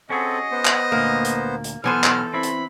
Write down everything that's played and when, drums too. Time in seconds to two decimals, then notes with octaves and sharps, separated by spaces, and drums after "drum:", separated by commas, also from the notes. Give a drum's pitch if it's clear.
0.10 C4 C#4 F#4 G#4 A4 D#5
0.52 B3 C5
0.65 drum: clap
0.92 D2 A#2 A#3
1.25 drum: hi-hat
1.64 drum: hi-hat
1.84 B1 E3 B3 A4 C5 G#5 F6
2.04 drum: clap
2.34 C4 E4 B5
2.43 drum: hi-hat